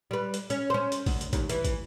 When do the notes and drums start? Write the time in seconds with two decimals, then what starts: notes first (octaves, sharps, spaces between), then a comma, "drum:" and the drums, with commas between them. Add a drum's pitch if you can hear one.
0.11 G3 B4
0.34 drum: hi-hat
0.50 C#4, drum: hi-hat
0.70 C#4 C5
0.92 drum: hi-hat
1.06 D2, drum: kick, open hi-hat
1.21 drum: hi-hat
1.33 D#2, drum: kick, hi-hat
1.50 E3, drum: hi-hat
1.65 drum: kick, hi-hat